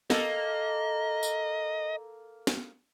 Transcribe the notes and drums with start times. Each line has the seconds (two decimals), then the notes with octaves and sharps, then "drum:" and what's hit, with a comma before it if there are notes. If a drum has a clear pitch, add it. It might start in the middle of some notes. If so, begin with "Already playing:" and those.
0.10 A#3 A4 D#5, drum: snare
1.23 drum: tambourine
2.47 drum: snare